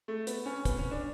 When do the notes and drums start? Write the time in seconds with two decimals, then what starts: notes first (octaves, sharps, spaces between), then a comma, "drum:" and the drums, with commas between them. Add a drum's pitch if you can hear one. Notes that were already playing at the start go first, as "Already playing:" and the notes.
0.08 A3
0.27 B3, drum: hi-hat
0.46 C#4
0.65 B3, drum: kick, hi-hat
0.79 C#4
0.91 D4